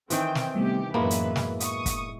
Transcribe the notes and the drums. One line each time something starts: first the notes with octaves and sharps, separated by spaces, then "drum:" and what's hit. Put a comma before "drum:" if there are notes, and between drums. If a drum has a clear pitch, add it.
D#3 E3 C4 G5, drum: hi-hat
drum: snare
C3 G3 A3 B3 G4
F#2 A2 E3 G#3 A#3 B3 E4 B4
drum: hi-hat
drum: snare
C#6 D#6, drum: hi-hat
drum: kick, hi-hat